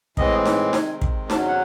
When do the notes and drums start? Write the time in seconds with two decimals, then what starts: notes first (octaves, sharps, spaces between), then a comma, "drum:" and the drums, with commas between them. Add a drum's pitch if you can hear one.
0.17 A2 E3 G#3 C4 D#5, drum: kick
0.45 drum: snare D#4
0.73 C3 D#3 G#3 C4 G#5, drum: snare D#4
1.02 drum: kick
1.30 E2 C3 F#3 C#4 A5, drum: snare D#4
1.49 F#5